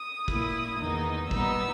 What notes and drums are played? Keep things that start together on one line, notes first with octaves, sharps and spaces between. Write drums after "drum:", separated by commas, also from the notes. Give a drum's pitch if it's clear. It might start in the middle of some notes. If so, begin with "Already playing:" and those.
Already playing: D#6
A#2 A#3 E4, drum: kick
E2 D#3 A#3 D#4
A#2 G3 B3 D#4 E6, drum: kick